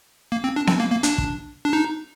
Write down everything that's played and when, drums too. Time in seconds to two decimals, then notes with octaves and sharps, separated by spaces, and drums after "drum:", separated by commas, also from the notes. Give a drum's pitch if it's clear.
0.32 A#3
0.44 C4
0.56 D4
0.67 C4, drum: snare B3
0.80 A#3
0.91 A#3
1.03 D4, drum: hi-hat
1.18 drum: kick
1.65 D4
1.73 D#4